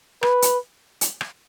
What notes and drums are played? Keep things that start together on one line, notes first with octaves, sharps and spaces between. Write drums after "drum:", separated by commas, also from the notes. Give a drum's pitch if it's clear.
B4, drum: rim click
drum: hi-hat
drum: hi-hat
drum: rim click